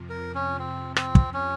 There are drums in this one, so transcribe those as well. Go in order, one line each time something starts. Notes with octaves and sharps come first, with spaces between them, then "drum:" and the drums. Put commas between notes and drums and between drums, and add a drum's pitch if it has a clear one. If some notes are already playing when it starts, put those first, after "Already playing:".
Already playing: F2 C3 F3
A#4
C#4
C4
C4, drum: rim click
drum: kick
C#4